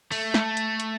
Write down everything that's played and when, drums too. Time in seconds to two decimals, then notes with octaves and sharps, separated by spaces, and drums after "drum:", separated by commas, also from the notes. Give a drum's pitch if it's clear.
0.12 A3, drum: open hi-hat
0.34 drum: snare
0.57 drum: hi-hat
0.80 drum: hi-hat